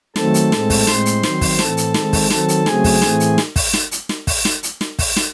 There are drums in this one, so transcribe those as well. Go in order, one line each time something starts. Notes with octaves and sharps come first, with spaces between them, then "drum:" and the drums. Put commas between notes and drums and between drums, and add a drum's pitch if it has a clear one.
D#3 F#3 A3 C4 A4 A5, drum: snare
drum: hi-hat
A2 G#3 C4, drum: snare
drum: kick, open hi-hat
A2 G#3 C4 C5 C6, drum: snare
drum: hi-hat
D#3 F#3 C4, drum: snare
drum: kick, open hi-hat
A2 E3 C4 A4 A5, drum: snare
drum: hi-hat
D#3 G#3 C4, drum: snare
drum: kick, open hi-hat
D#3 F#3 C4 A4 A5, drum: snare
drum: hi-hat
C#3 F#3 A3 C4 G#4 G#5, drum: snare
drum: kick, open hi-hat
A2 E3 A3 C4, drum: snare
drum: hi-hat
drum: snare
drum: kick, open hi-hat
drum: snare
drum: hi-hat
drum: snare
drum: kick, open hi-hat
drum: snare
drum: hi-hat
drum: snare
drum: kick, open hi-hat
drum: snare